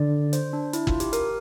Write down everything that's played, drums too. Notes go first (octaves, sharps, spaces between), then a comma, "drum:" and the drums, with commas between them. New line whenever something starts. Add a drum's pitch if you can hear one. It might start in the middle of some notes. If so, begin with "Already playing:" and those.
Already playing: D3 D5
C5, drum: hi-hat
D4
E4, drum: hi-hat
F4, drum: kick
G4, drum: hi-hat
A#4, drum: hi-hat